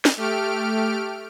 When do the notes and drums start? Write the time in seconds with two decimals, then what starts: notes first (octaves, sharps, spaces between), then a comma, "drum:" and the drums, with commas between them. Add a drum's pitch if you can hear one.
0.05 drum: snare
0.17 A3 G4 F6 D7